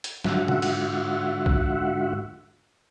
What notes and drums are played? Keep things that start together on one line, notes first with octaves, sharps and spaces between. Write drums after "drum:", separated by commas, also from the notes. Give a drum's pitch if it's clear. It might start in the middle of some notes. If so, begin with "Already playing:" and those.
drum: hi-hat
G#2 D3 F4 F#4 E5 F#5, drum: snare
drum: tom
drum: cymbal
drum: kick